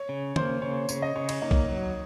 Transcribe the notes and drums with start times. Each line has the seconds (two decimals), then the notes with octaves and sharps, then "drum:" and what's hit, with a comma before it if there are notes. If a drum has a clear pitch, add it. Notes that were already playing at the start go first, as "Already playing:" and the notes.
Already playing: C#5
0.09 C#3
0.36 A#3 C5, drum: tom
0.62 C#3 C#5
0.89 C#3 C#5, drum: tambourine
1.02 D#5
1.15 C#3 C#5
1.29 C#5, drum: cymbal
1.42 A#3 D#4
1.51 drum: kick
1.69 F#3